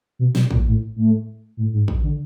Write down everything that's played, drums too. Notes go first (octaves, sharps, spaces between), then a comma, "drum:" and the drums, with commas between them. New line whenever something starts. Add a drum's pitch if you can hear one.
B2
B2, drum: snare
A#2, drum: kick
A2
A2
A2
G#2
drum: kick
D3